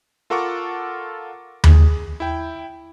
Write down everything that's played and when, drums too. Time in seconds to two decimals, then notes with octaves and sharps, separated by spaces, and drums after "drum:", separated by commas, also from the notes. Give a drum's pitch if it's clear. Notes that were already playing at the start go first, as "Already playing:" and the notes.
0.30 F4 A4 A#4 F#5 C#6 D6
1.64 G#4, drum: tom D#2
2.20 E4 G5